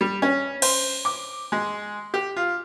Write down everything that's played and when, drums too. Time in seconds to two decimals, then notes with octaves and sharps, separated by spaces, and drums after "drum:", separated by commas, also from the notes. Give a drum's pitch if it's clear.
0.01 G3
0.22 C#4
0.62 C5, drum: cymbal
1.05 D6
1.52 G#3
2.14 G4
2.36 F4